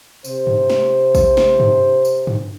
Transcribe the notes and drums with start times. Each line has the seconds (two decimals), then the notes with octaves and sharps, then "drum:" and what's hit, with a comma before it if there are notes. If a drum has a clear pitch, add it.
0.24 C3 C5, drum: tambourine
0.47 drum: tom G2
0.70 drum: snare
1.15 drum: kick, tambourine
1.37 drum: snare
1.60 drum: tom G2
2.05 drum: tambourine
2.27 drum: tom G2